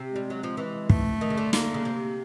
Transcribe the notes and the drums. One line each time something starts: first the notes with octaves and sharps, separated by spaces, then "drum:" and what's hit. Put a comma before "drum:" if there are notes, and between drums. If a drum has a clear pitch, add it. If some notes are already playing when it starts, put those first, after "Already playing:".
Already playing: C3
G#3
G3
F#3
F3
E3
A3, drum: kick
D#3
C#3
D3
A#3, drum: snare
C#3
C3